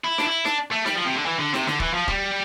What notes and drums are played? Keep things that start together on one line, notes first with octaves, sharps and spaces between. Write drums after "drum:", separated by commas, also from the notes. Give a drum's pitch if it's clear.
E4
D4, drum: snare
E4
D4, drum: snare
A3
G3, drum: snare
F3
C3
D3
E3
D3
C3, drum: snare
D3, drum: snare
E3, drum: kick
F3
G3, drum: kick